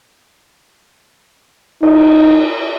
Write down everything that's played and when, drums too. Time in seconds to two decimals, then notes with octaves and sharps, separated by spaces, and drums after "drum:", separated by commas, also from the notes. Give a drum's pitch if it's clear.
1.83 D#4, drum: cymbal